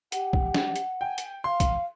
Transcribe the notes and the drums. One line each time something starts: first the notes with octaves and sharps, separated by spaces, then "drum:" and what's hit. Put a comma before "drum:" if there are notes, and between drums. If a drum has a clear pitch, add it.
G4 F#5, drum: hi-hat
drum: kick
drum: snare
drum: hi-hat
G5 G#5
drum: hi-hat
F5 C6
drum: kick, hi-hat